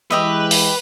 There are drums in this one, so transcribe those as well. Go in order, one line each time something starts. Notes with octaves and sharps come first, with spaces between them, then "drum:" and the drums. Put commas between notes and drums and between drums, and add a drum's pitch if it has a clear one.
E3 G#3 G4 B4 D#5 E5
drum: open hi-hat